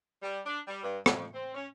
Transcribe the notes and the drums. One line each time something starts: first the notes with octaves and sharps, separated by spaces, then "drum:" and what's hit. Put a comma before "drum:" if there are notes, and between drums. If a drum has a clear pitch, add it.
G3
D4
G3
G2
F2, drum: rim click
C4
C#4